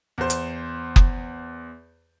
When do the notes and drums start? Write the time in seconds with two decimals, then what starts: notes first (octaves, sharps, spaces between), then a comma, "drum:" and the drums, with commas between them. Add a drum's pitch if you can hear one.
0.18 E2 C5
0.30 drum: hi-hat
0.96 drum: kick F#1